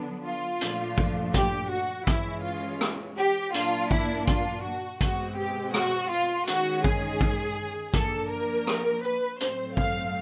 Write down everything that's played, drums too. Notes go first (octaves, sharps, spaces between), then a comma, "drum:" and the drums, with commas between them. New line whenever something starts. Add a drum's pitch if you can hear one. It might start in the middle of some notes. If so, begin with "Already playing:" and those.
Already playing: D3 F#3 B3 D4
F4
A#2 F3 A3 D4, drum: hi-hat
drum: kick A1
G4, drum: kick A1, hi-hat
F#4
E3 G#3 C#4 E4, drum: kick A1, hi-hat
F4
drum: rim click
G4
A#2 F#3 A#3 D4 F4, drum: hi-hat
E4, drum: kick A1
F4, drum: kick A1, hi-hat
F#4
B2 G#3 C4 F#4, drum: kick A1, hi-hat
G4
F#4, drum: rim click
F4
D#3 G#3 C#4 F#4, drum: hi-hat
G#4, drum: kick A1
drum: kick A1
F3 A#3 D4 A4, drum: kick A1, hi-hat
A#4
drum: rim click
B4
A2 F#3 A3 C4 C5, drum: hi-hat
F5, drum: kick A1